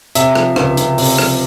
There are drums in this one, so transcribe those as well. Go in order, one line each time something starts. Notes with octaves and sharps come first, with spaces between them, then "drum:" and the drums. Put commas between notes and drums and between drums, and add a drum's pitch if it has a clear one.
C3 E5, drum: hi-hat
F3, drum: rim click
C#2, drum: rim click
C#2, drum: hi-hat
C3, drum: open hi-hat
F3, drum: rim click